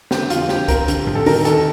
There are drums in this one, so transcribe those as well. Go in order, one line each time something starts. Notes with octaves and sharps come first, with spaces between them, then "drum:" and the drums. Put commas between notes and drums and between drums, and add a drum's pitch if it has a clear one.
D3 G4, drum: snare
F2 F4, drum: hi-hat
F3 G4, drum: snare
C4 A#4, drum: kick, hi-hat
D3, drum: hi-hat
F2, drum: tom A2
A4
D#3 A#4, drum: open hi-hat
D#2 A4, drum: hi-hat